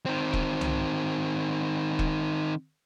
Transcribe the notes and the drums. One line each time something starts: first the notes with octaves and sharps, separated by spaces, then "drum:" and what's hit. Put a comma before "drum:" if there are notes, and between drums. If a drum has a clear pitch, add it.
D#3 C4
drum: kick E1
drum: tom C2
drum: kick E1